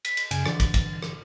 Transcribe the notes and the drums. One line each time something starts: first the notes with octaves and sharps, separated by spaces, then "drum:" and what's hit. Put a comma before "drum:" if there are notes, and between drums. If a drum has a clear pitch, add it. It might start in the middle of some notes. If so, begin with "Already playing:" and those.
B6, drum: cymbal
drum: cymbal
F#2 C#3 G#5, drum: cymbal
D3 E3 A6, drum: rim click
drum: kick, cymbal
drum: kick, cymbal
drum: rim click